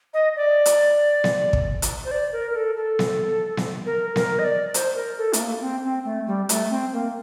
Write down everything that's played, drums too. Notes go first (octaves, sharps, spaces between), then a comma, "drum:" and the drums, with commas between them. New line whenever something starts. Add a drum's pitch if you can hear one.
D#5
D5
drum: hi-hat
drum: snare B3
drum: kick
drum: hi-hat
C5
D5
A#4
A#4
A4
A4
drum: snare B3
drum: snare B3
A#4
A#4, drum: snare B3
D#5
D5
C5, drum: hi-hat
A#4
A4
A3, drum: hi-hat
A#3
C4
C4
A3
G3
A3, drum: hi-hat
C4
A#3